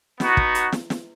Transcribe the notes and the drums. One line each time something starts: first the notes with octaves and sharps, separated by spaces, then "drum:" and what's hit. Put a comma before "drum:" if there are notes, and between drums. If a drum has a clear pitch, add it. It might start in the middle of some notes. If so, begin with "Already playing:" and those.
B3 D#4 F#4, drum: snare
drum: kick
drum: hi-hat
drum: snare
drum: snare